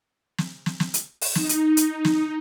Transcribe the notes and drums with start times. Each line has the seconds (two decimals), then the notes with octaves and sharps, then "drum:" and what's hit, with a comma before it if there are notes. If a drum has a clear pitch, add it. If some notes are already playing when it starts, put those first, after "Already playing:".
0.38 drum: snare
0.66 drum: snare
0.80 drum: snare
0.94 drum: hi-hat
1.21 drum: open hi-hat
1.35 D#4, drum: snare
1.49 drum: hi-hat
1.77 drum: hi-hat
2.05 drum: snare